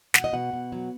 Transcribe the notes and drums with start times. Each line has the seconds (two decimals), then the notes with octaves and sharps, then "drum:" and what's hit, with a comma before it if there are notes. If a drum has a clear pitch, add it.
0.14 B2 F#5, drum: snare
0.24 D#5
0.33 B2 F#5
0.53 B2
0.72 F#3